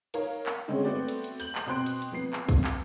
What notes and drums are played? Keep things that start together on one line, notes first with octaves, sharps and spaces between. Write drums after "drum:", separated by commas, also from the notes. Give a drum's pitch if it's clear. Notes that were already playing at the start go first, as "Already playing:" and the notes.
D#4 A#4 C#5 F5, drum: cymbal
drum: clap
D3 G#3 A3 C4 C#4
A3 B3 C4 F#4 D5
drum: cymbal
drum: cymbal
G6 F#7, drum: cymbal
drum: clap
B2 C4 C6 F#6 D7
drum: cymbal
drum: cymbal
F2 B3 C7
drum: clap
drum: kick, cymbal
drum: clap